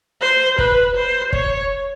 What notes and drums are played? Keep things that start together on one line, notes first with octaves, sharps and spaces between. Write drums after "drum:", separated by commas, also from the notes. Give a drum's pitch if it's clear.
C5
B4, drum: kick
C5
C#5, drum: kick